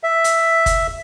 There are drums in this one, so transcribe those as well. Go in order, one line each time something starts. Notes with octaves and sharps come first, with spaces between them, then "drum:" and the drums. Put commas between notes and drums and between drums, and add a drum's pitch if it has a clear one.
E5
drum: hi-hat
drum: kick F#1, hi-hat